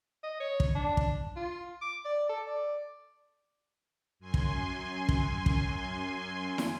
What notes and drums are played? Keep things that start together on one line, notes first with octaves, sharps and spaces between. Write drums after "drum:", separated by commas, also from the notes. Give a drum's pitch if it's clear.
D#5
C#5
drum: kick
D4
drum: kick
F4
D6
D5
A4
D5
F#2 G#5 C6
drum: kick
drum: kick
drum: kick
drum: snare